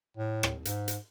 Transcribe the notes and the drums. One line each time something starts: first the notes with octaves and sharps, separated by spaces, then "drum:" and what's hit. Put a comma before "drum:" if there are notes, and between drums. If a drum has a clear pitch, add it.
A2
drum: rim click
G#2, drum: hi-hat
drum: hi-hat